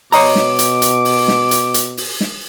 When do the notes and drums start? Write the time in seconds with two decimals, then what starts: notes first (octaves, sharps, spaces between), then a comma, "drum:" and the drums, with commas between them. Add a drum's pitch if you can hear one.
0.12 B2 C#5 D#5 A#5 D6, drum: open hi-hat
0.36 drum: snare
0.59 drum: hi-hat
0.82 drum: hi-hat
1.05 drum: open hi-hat
1.28 drum: snare
1.51 drum: hi-hat
1.74 drum: hi-hat
1.97 drum: open hi-hat
2.21 drum: snare